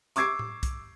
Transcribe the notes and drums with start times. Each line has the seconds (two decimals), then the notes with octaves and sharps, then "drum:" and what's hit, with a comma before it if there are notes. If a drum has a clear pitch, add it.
0.16 C#6 D6 E6 G#6 C7 D7, drum: hi-hat
0.39 drum: tom A2
0.63 drum: kick, hi-hat